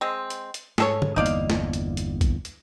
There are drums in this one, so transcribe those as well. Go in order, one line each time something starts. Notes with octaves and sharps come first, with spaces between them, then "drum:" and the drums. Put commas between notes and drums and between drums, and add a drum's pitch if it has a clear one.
G#3 C4
drum: hi-hat
drum: hi-hat
G#2 G#4 A4 C#5, drum: snare
drum: tom
G1 E2 A#3 D#4 D5 F5
drum: hi-hat
drum: snare
drum: hi-hat
drum: hi-hat
drum: kick A#1, hi-hat
drum: hi-hat